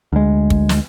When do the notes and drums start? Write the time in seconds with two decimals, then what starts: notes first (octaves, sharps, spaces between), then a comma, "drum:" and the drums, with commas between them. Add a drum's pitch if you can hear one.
0.12 D2 G#3
0.50 drum: kick
0.69 drum: snare